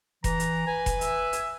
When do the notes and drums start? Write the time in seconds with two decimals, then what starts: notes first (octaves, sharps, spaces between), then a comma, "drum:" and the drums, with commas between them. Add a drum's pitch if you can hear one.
0.24 E3 A#5, drum: kick F1, hi-hat
0.40 drum: hi-hat
0.67 B4 G#5
0.86 drum: kick F1, hi-hat
1.01 E5, drum: hi-hat
1.33 drum: hi-hat